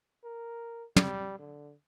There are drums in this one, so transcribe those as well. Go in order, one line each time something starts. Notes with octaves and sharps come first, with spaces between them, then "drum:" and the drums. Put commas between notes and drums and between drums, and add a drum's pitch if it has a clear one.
A#4
G3, drum: tom
D3